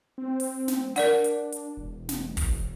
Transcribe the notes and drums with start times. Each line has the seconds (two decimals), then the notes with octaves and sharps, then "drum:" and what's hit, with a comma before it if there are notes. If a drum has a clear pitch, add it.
0.18 C4
0.40 drum: open hi-hat
0.68 drum: snare
0.96 D4 A#4 D5 F#5, drum: open hi-hat
1.24 drum: hi-hat
1.52 drum: hi-hat
1.77 E1
2.09 drum: snare
2.37 drum: kick, open hi-hat